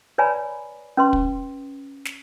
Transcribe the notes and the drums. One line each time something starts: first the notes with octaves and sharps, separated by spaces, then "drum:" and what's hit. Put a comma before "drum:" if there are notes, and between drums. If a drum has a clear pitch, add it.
B4 C#5 D5 G#5 A#5 B5
C#4 B4 C6
drum: kick
drum: snare